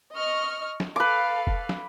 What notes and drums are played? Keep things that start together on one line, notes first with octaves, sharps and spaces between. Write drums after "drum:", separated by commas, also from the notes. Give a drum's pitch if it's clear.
D#5 C#6 F6
drum: snare
A4 B4 F5 D6
drum: kick
drum: snare